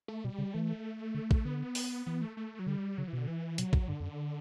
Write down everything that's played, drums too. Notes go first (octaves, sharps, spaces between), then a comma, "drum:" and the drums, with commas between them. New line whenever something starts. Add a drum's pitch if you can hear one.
A3
B2 G3
C#3
E3 A3
D3
B2, drum: kick A1
D3 B3
drum: open hi-hat
E3 B3
A3
A3
F#3
D3 G3
C#3 F#3
E3
B2 D3
E3
B2 F#3, drum: hi-hat
G2, drum: kick A1
G2 D3
E2
F#2